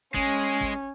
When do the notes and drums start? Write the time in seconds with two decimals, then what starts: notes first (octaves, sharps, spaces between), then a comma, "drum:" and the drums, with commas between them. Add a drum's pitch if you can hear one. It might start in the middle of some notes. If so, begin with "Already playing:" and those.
0.14 G#3 C#4, drum: kick
0.61 drum: kick